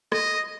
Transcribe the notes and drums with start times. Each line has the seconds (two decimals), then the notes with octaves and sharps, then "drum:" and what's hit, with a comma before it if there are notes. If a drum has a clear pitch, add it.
0.12 D#5, drum: rim click